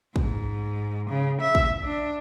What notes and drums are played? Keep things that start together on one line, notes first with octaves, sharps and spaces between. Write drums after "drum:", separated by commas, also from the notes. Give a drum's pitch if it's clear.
G#2, drum: kick
C#3
E5
drum: kick
D4